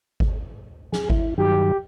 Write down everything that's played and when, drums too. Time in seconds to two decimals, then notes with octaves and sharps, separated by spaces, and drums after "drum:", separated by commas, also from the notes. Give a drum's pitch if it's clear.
0.20 drum: kick G#1
0.92 G#4, drum: snare
1.10 E4, drum: kick G#1
1.38 G2 D#3 F#3 G4